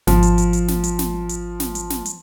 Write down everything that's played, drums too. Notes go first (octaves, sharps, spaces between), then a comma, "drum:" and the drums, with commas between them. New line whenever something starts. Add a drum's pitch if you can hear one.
G#1 F3, drum: snare
drum: hi-hat
drum: hi-hat
drum: hi-hat
drum: snare
drum: hi-hat
drum: snare
drum: hi-hat
drum: snare
drum: hi-hat
drum: snare
drum: hi-hat